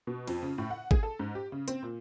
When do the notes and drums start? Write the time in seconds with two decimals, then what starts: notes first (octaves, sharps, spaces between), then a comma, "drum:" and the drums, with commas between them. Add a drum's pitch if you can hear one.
0.07 B2
0.27 F2, drum: cymbal
0.43 C#3
0.58 A2
0.70 F#5
0.91 G#4, drum: kick G#1
1.03 A4
1.19 G#2
1.35 G4
1.52 C#3
1.68 C4, drum: hi-hat
1.83 A#2